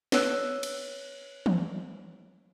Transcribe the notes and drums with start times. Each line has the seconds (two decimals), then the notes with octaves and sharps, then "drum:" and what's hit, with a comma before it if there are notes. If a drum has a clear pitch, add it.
0.12 B4 C#5 E6 F#6, drum: snare
0.63 drum: cymbal
1.46 drum: tom E3